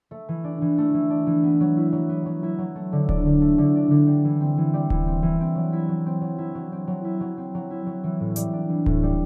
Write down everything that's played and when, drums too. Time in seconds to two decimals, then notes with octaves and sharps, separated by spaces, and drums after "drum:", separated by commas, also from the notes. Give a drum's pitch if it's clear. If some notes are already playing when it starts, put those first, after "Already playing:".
0.11 A3
0.28 E3
0.44 D4
0.62 E3
0.78 A3
0.94 E3
1.10 D4
1.27 E3
1.43 B3
1.60 F#3
1.77 E4
1.92 F#3
2.09 B3
2.26 F#3
2.43 E4
2.58 F#3
2.75 A3
2.92 D3
3.09 D4, drum: kick D1
3.25 D3
3.41 A3
3.58 D3
3.75 D4
3.91 D3
4.07 G3
4.25 E3
4.41 C4
4.58 E3
4.74 G3
4.90 E3, drum: kick D1
5.07 C4
5.23 E3
5.40 C4
5.55 F#3
5.73 E4
5.89 F#3
6.06 C4
6.21 F#3
6.38 E4
6.55 F#3
6.72 C4
6.87 F#3
7.05 E4
7.20 F#3
7.37 C4
7.55 F#3
7.70 E4
7.86 F#3
8.04 E3
8.20 A2
8.36 G3, drum: hi-hat
8.53 D4
8.69 E3
8.86 A2, drum: kick D1
9.03 G3